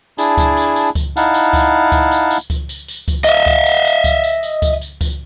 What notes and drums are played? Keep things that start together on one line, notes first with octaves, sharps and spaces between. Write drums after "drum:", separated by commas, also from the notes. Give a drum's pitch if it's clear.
D4 E4 G#4 A5, drum: tambourine
drum: kick C#2, tambourine
drum: tambourine
drum: tambourine
drum: kick C#2, tambourine
D#4 E4 F5 F#5 A5, drum: tambourine
drum: tambourine
drum: kick C#2, tambourine
drum: kick C#2, tambourine
drum: tambourine
drum: tambourine
drum: kick C#2, tambourine
drum: tambourine
drum: tambourine
drum: kick C#2, tambourine
D#5 E5, drum: tambourine
drum: kick C#2, tambourine
drum: tambourine
drum: tambourine
drum: kick C#2, tambourine
drum: tambourine
drum: tambourine
drum: kick C#2, tambourine
drum: tambourine
drum: kick C#2, tambourine